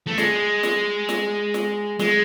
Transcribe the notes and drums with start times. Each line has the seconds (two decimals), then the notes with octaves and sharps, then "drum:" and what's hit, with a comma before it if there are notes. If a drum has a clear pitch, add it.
0.07 A3
0.18 G#3, drum: snare
0.63 drum: snare
1.09 drum: snare
1.54 drum: snare
1.99 G#3, drum: snare